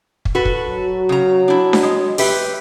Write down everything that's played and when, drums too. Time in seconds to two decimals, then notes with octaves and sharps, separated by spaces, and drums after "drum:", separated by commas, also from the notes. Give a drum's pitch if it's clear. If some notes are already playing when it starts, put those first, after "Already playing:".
0.25 drum: kick
0.35 F#4 A4 B4
0.45 drum: kick
0.70 F#3
1.09 C#3 A#5
1.48 D4 E4
1.73 drum: snare D4
1.83 G#3
2.18 G4 B4 E5, drum: open hi-hat